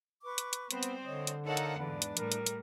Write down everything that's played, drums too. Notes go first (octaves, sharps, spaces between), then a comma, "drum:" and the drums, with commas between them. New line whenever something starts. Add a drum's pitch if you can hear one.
B4 C#6 D6
drum: hi-hat
drum: hi-hat
G3 B3 C4 B4 C5, drum: hi-hat
drum: hi-hat
D3 C#5 D#5 D#6
drum: hi-hat
D#4 A4 A#4 C#5 F5 F#5
drum: hi-hat
E2 G#2 D4 B4 D5
drum: hi-hat
A2 G3 A#4, drum: hi-hat
drum: hi-hat
drum: hi-hat